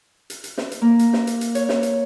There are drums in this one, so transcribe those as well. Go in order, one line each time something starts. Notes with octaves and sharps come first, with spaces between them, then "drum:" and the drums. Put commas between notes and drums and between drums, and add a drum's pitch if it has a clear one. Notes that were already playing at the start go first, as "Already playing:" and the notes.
drum: hi-hat
drum: hi-hat
drum: snare
drum: hi-hat
A#3
drum: hi-hat
drum: snare
drum: hi-hat
drum: hi-hat
C#5, drum: hi-hat
drum: snare
drum: hi-hat